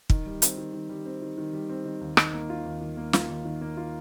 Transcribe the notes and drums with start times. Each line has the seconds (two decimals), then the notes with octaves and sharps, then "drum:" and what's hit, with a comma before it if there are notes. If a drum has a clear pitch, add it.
0.10 D#3, drum: kick
0.26 G3
0.42 C4, drum: hi-hat
0.58 D#3
0.74 D#3
0.90 G3
1.06 C4
1.22 D#3
1.38 D#3
1.53 G3
1.69 C4
1.86 D#3
2.01 D#2
2.17 D#3, drum: rim click
2.33 A#3
2.50 F4
2.65 D#2
2.81 D#3
2.97 A#3
3.13 F4, drum: snare
3.29 D#2
3.45 D#3
3.61 A#3
3.77 F4